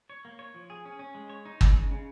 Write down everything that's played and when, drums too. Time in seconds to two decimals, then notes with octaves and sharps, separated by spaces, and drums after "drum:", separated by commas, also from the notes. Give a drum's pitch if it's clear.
0.10 C#5
0.25 A#3
0.39 C#5
0.54 F3
0.70 G#4
0.85 C#4
0.99 C#4
1.15 G#3
1.30 C#5
1.45 D#4
1.61 G#3, drum: kick
1.76 C#3
1.91 C#3